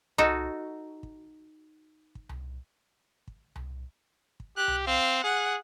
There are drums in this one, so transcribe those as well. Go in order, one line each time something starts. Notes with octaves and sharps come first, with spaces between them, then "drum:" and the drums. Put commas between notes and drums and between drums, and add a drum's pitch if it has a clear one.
D#4 F#4 A4, drum: tom C2
drum: kick
drum: kick
drum: tom C2
drum: kick
drum: tom C2
drum: kick
G4 F#6
drum: tom C2
C4 F5
G#4 F#5